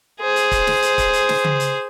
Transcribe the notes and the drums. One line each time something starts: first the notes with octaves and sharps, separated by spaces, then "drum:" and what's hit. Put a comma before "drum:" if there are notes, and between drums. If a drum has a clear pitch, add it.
G#4 C5
drum: hi-hat
drum: kick, hi-hat
drum: snare
drum: hi-hat
drum: kick, hi-hat
drum: hi-hat
drum: snare
drum: tom C#3
drum: hi-hat